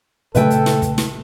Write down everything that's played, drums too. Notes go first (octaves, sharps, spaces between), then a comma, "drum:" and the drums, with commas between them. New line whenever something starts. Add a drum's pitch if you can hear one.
A#2 C#3 A3 A4 B4 E5 G5, drum: hi-hat
drum: hi-hat
drum: snare
drum: kick, hi-hat
drum: snare